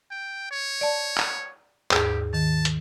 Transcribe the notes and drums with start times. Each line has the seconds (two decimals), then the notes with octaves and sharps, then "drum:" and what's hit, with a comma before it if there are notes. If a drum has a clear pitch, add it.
0.11 G5
0.51 C#5
0.81 D5 A5
1.18 drum: clap
1.91 D#2 G#2 G4 G#4, drum: clap
2.33 D#3 A5
2.65 drum: hi-hat